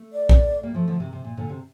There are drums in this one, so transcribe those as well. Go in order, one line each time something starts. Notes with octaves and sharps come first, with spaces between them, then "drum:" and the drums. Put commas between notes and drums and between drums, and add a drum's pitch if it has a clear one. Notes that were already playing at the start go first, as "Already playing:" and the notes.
Already playing: A3
D5
drum: kick A#1
G3 A#3
F3 A3
D3 F3
C3 D#3
C3
A#2
A#2 D3
C3